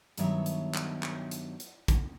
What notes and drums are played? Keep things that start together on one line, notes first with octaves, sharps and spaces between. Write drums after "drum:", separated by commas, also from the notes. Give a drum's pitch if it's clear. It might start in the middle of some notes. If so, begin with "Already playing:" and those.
G2 D#3 F#3 B3 C#5 E5, drum: hi-hat
drum: hi-hat
drum: clap
drum: clap
drum: hi-hat
drum: hi-hat
drum: kick, hi-hat